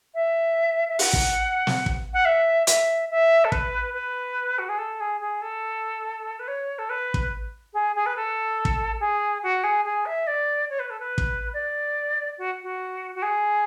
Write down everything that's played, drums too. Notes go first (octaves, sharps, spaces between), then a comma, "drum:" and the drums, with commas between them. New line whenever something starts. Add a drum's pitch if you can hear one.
E5
E5
F#5, drum: open hi-hat
drum: kick
drum: snare
drum: kick
F#5
E5
E5, drum: hi-hat
E5
A4
B4, drum: kick
B4
F#4
G#4
A4
G#4
G#4
A4
B4
C#5
A4
B4
drum: kick
G#4
G#4
B4
A4
drum: kick
G#4
F#4
G#4
G#4
E5
D5
C#5
B4
A4
B4
drum: kick
D5
F#4
F#4
F#4
G#4